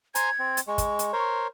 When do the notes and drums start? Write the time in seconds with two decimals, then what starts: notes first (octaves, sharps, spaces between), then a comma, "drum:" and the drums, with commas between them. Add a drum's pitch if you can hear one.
0.15 C5 G#5 A#5 G#6, drum: hi-hat
0.39 C4
0.57 drum: hi-hat
0.67 G#3 C#6
0.78 drum: kick, hi-hat
0.99 drum: hi-hat
1.13 A#4 C5 C#5